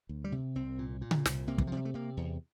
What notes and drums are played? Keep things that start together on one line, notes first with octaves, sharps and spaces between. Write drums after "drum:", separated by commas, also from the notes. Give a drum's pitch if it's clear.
D2
G3
C3
C2 C4
A#2
A#2
drum: tom C#3
C2, drum: snare
C3 A#3
E3, drum: kick
F3
C3 G3
A3
C3 A#3
E2